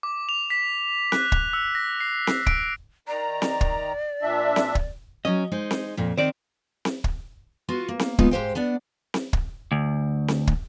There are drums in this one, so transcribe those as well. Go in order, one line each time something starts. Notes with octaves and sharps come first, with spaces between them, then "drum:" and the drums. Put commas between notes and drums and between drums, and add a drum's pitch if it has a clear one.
D6
F7
B6
F#6, drum: snare C4
drum: kick
E6
A#6
C7
drum: snare C4
D7, drum: kick
D#3 D5 A#5
drum: snare C4
drum: kick
A#2 D4 E5
drum: snare C4
drum: kick
F#3 C#4 D#5
G#3 D#4 C5
drum: snare C4
F2 A#2
D#3 C4 D#4 C5 D5
drum: snare C4
drum: kick
B3 F4 F#4
A#3
drum: snare C4
G#3 A#3 B3 D#4 F4, drum: kick
G#2 F#3 G4 C5 F5 G5
B3 D4 D5 F#5
drum: snare C4
drum: kick
D2
drum: snare C4
drum: kick